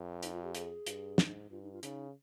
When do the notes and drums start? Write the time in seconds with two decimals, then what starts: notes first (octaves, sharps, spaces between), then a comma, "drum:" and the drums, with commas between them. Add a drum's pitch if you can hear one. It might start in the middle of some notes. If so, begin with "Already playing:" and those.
Already playing: F2
0.23 D#4, drum: hi-hat
0.33 F4
0.43 G4
0.55 G#4, drum: hi-hat
0.86 G2, drum: hi-hat
1.18 G#2, drum: snare
1.51 G2 F4
1.62 D#4
1.72 F4
1.83 C#3 D#4, drum: hi-hat